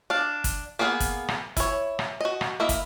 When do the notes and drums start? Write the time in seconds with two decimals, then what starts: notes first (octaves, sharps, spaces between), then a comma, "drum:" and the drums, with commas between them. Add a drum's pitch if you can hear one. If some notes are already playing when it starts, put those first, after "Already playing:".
0.10 D4 F5
0.44 drum: kick, hi-hat
0.79 A#3 B3 G#4 F5 F#5
1.00 drum: kick, hi-hat
1.28 drum: rim click
1.57 E4 C#5, drum: kick, hi-hat
1.99 drum: rim click
2.21 F#4 D#5
2.41 drum: rim click
2.60 A#3 E4 D#5 E5
2.69 drum: kick, hi-hat